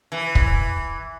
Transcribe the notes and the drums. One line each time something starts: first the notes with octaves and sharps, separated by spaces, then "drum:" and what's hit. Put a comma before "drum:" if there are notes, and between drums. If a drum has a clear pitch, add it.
E3
drum: kick